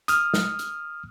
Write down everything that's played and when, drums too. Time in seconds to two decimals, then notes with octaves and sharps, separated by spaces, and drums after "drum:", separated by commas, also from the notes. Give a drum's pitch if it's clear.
0.08 D#6 F6, drum: hi-hat
0.34 drum: snare
0.59 drum: hi-hat